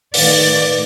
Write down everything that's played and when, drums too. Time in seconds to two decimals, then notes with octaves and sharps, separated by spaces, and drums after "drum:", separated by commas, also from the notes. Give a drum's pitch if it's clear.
0.14 A2 D#3 B4 D5, drum: open hi-hat